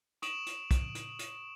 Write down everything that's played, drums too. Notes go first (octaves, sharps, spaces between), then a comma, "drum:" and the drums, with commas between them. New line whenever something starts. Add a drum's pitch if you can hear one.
C#6 D#6 D7 E7 F#7, drum: hi-hat
drum: hi-hat
drum: kick, hi-hat
drum: hi-hat
drum: hi-hat